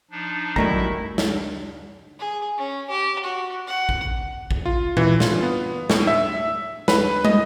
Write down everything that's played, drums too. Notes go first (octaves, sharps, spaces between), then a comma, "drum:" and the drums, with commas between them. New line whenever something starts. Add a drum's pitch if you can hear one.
F3 D4 D#4
F#2 D#3 G3 A3 E4 E5 A#5, drum: kick A#1
drum: snare
G#4
C#4
G4
F#4
F#5
drum: kick A#1
drum: kick A#1
F4
E3, drum: tom A#2
F4, drum: snare
B3
A2, drum: snare
E5
B4, drum: snare
D#5, drum: tom